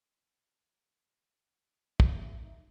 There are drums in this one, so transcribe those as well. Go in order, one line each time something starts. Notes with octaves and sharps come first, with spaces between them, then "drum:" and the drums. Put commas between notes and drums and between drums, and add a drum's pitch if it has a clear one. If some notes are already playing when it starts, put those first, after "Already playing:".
D#4 E5, drum: kick